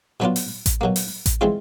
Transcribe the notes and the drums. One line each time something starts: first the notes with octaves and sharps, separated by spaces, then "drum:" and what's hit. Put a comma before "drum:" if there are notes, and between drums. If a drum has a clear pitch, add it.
B2 F#3 B3 D4 F4
drum: open hi-hat
drum: kick A1, hi-hat
B2 F#3 A#3
drum: open hi-hat
drum: kick A1, hi-hat
E3 G#3 C4 F4